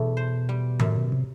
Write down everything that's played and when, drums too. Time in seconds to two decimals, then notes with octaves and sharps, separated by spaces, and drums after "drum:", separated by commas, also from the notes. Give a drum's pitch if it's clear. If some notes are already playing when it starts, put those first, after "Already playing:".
Already playing: E2 B2 A3
0.17 C5
0.49 G3
0.79 F#2 A2, drum: tom D#3
0.96 B2
1.12 C3